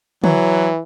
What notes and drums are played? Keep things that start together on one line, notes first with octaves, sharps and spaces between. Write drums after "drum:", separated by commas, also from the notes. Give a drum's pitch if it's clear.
E3 F#3, drum: tom